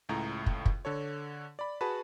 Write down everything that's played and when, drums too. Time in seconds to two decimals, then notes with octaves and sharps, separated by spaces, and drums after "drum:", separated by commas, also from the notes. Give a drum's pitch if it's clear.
0.09 C#2 A2 A#5
0.46 drum: kick
0.66 drum: kick
0.85 D3 A4 C#5
1.59 D5 B5
1.81 F#4 G#4 B4 A5 B5